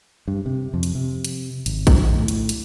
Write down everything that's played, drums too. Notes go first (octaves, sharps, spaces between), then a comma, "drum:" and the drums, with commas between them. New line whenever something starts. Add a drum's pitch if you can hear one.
G2
C3
F2
drum: hi-hat
C3
drum: hi-hat
G#1, drum: hi-hat
drum: kick A#1, hi-hat
A2
drum: hi-hat
drum: hi-hat